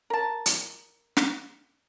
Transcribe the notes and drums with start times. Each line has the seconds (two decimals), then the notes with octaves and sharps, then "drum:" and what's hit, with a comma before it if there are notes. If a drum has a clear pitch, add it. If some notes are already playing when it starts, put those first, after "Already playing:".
0.10 A#4 A5
0.46 drum: hi-hat
1.17 drum: snare